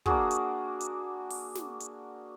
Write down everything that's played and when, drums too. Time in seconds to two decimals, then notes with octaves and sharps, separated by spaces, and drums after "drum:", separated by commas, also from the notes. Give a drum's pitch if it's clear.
0.06 A#3 D4 F#4 G#4, drum: kick
0.31 drum: hi-hat
0.80 drum: hi-hat
1.30 drum: open hi-hat
1.55 drum: snare
1.80 drum: hi-hat